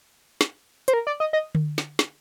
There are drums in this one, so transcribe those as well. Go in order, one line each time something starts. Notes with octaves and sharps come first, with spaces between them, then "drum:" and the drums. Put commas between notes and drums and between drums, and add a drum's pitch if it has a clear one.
drum: snare
C5, drum: hi-hat
A#4
D5
D#5
D#5
drum: tom D3
drum: snare
drum: snare